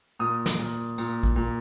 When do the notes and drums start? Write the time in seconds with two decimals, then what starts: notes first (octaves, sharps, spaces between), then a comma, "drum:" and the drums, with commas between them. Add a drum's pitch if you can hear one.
0.19 A#2 D#6
0.46 drum: snare
0.59 A#2
0.98 A#2, drum: tambourine
1.23 drum: kick
1.36 A#2